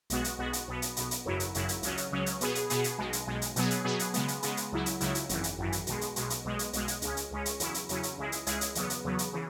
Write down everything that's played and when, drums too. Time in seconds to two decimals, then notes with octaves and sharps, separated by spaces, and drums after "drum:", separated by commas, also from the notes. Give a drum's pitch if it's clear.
0.10 B1 B2 G#3 B3 F#4, drum: hi-hat
0.24 drum: hi-hat
0.39 B1 B2 G#3 B3 F#4
0.53 drum: hi-hat
0.68 B1 B2 B3
0.82 drum: hi-hat
0.96 B1 B2 B3, drum: hi-hat
1.11 drum: hi-hat
1.25 G#1 F#2 C#3 F#3 E4
1.40 drum: hi-hat
1.54 G#1 F#2 C#3 F#3 E4, drum: hi-hat
1.69 drum: hi-hat
1.83 C#2 C#3 F#3 C#4, drum: hi-hat
1.97 drum: hi-hat
2.12 C#2 C#3 F#3 C#4
2.26 drum: hi-hat
2.41 B2 B3 G#4, drum: hi-hat
2.55 drum: hi-hat
2.70 B2 B3 G#4, drum: hi-hat
2.84 drum: hi-hat
2.98 B1 B2 G#3
3.13 drum: hi-hat
3.27 B1 B2 G#3
3.42 drum: hi-hat
3.56 B2 F#3 B3 G#4, drum: hi-hat
3.70 drum: hi-hat
3.85 B2 F#3 B3 G#4
3.99 drum: hi-hat
4.14 C#3 G#3 B3, drum: hi-hat
4.28 drum: hi-hat
4.43 C#3 G#3 B3, drum: hi-hat
4.57 drum: hi-hat
4.72 C#2 C#3 F#3 E4
4.86 drum: hi-hat
5.01 C#2 C#3 F#3 E4, drum: hi-hat
5.15 drum: hi-hat
5.29 G#1 F#2 E3, drum: hi-hat
5.44 drum: hi-hat
5.58 G#1 F#2 E3
5.72 drum: hi-hat
5.87 B1 B2 G#3, drum: hi-hat
6.01 drum: hi-hat
6.16 B1 B2 G#3, drum: hi-hat
6.30 drum: hi-hat
6.45 B1 B2 G#3
6.59 drum: hi-hat
6.73 B1 B2 G#3, drum: hi-hat
6.88 drum: hi-hat
7.02 C#2 C#3 G#3 C#4, drum: hi-hat
7.17 drum: hi-hat
7.31 C#2 C#3 G#3 C#4
7.45 drum: hi-hat
7.60 E2 C#3 F#3 C#4 E4, drum: hi-hat
7.74 drum: hi-hat
7.89 E2 C#3 F#3 C#4 E4, drum: hi-hat
8.03 drum: hi-hat
8.18 C#2 C#3 G#3 E4 G#4
8.32 drum: hi-hat
8.47 C#2 C#3 G#3 E4 G#4, drum: hi-hat
8.61 drum: hi-hat
8.75 E2 C#3 F#3 B3, drum: hi-hat
8.90 drum: hi-hat
9.04 E2 C#3 F#3 B3
9.19 drum: hi-hat
9.33 C#3 E3